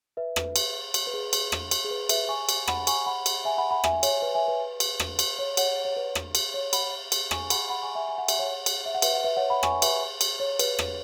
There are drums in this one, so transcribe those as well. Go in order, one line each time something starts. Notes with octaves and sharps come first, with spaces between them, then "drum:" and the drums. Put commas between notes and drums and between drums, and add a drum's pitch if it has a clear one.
B4 E5
B4, drum: rim click
drum: cymbal
drum: cymbal
B4
G#4
drum: cymbal
drum: rim click
drum: cymbal
G#4
B4
B4 E5, drum: cymbal
G#5 C#6
drum: cymbal
F#5 B5, drum: rim click
G#5 C#6, drum: cymbal
F#5 B5
drum: cymbal
E5 G#5
F#5 B5
F#5 B5
E5 G#5, drum: rim click
C#5, drum: cymbal
B4
E5 G#5
B4
drum: cymbal
drum: rim click
drum: cymbal
C#5
C#5 F#5, drum: cymbal
C#5
B4
drum: rim click
drum: cymbal
C#5
F#5 B5, drum: cymbal
drum: cymbal
G#5 C#6, drum: rim click
F#5 B5, drum: cymbal
F#5 B5
G#5 C#6
E5 G#5
G#5
F#5
E5, drum: cymbal
C#5 F#5
drum: cymbal
E5
F#5
B4 E5, drum: cymbal
F#5
B4 E5
C#5 F#5
F#5 B5
G#5 C#6, drum: rim click
B4 E5, drum: cymbal
drum: cymbal
C#5
B4, drum: cymbal
drum: rim click